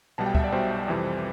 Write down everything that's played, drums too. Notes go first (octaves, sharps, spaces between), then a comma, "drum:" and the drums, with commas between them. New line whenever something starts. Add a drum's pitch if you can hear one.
B1 B2 G3 A5
G5
E5, drum: kick D2
D5
B1 B2 G3 C5
F2 C3 E3 G3